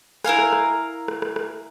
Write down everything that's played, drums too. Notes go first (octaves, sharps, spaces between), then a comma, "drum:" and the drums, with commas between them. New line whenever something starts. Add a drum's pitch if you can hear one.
E4 A#4 F5 G#5, drum: rim click
drum: rim click
drum: rim click
drum: rim click
drum: rim click
drum: rim click